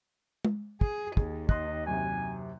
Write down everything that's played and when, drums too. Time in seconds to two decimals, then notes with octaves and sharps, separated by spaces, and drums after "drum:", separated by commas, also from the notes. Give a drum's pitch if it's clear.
0.45 drum: tom G#3
0.81 G#4, drum: kick
1.17 D#2 G#4, drum: kick
1.49 D#5 C6 F#6, drum: kick
1.87 F#2 C3 G#5